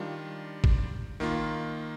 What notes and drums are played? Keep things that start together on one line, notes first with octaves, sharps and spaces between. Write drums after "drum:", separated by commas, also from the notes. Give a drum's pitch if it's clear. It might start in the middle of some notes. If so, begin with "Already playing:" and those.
Already playing: D#3 G3 D4 F4
drum: kick G#1
D#3 A#3 F4